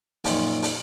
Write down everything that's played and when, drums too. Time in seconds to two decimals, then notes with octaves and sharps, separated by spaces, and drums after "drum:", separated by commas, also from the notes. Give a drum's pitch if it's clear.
0.24 F#2 A#2 D#3 F3, drum: open hi-hat
0.62 drum: open hi-hat